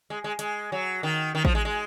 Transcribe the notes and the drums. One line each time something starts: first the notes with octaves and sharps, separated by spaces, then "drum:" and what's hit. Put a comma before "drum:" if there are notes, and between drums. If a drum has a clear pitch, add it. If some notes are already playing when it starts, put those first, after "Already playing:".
G#3
G#3
G#3, drum: hi-hat
F#3
D#3
D#3
F3, drum: kick A1
G#3
G#3